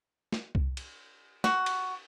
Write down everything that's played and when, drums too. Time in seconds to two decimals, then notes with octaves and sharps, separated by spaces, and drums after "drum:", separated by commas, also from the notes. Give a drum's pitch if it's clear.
0.33 drum: snare
0.55 drum: kick C2
0.77 drum: cymbal
1.44 F#4, drum: snare
1.66 drum: cymbal